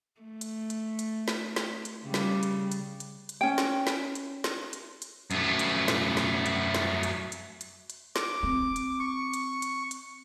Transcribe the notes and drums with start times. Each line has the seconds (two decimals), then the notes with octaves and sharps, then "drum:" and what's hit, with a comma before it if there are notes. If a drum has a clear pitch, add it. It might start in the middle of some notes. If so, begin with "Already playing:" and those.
0.21 A3
0.41 drum: hi-hat
0.70 drum: hi-hat
0.99 drum: hi-hat
1.28 drum: snare
1.56 drum: snare
1.85 drum: hi-hat
2.05 C#3 G3
2.14 drum: snare
2.43 drum: hi-hat
2.72 drum: hi-hat
3.00 drum: hi-hat
3.29 drum: hi-hat
3.41 C#4 G5
3.58 drum: snare
3.87 drum: snare
4.15 drum: hi-hat
4.44 drum: snare
4.73 drum: hi-hat
5.02 drum: hi-hat
5.31 F#2 A3, drum: hi-hat
5.59 drum: hi-hat
5.88 drum: snare
6.17 drum: snare
6.46 drum: hi-hat
6.74 drum: snare
7.03 drum: hi-hat
7.32 drum: hi-hat
7.61 drum: hi-hat
7.90 drum: hi-hat
8.16 D6, drum: snare
8.43 C4
8.76 drum: hi-hat
9.00 C#6
9.33 drum: hi-hat
9.62 drum: hi-hat
9.91 drum: hi-hat